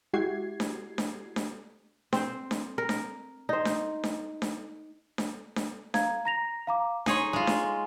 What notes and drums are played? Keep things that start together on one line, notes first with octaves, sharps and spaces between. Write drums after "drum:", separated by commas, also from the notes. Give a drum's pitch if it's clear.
G#3 E4 F#4 G4 G#6 C7
drum: snare D4
drum: snare D4
drum: snare D4
C4 C5, drum: snare D4
drum: snare D4
A#4
drum: snare D4
D#4 C5
drum: snare D4
drum: snare D4
drum: snare D4
drum: snare D4
drum: snare D4
F5 A#5 G#6, drum: snare D4
A#5 A#6 F7
F5 A#5 D6
D#4 G#4 C#5 G#5 C6, drum: snare D4
G#3 F4
drum: snare D4